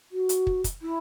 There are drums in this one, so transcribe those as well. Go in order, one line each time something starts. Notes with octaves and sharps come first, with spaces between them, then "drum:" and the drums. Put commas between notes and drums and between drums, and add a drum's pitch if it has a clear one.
F#4
drum: hi-hat
drum: kick
drum: kick, hi-hat
E4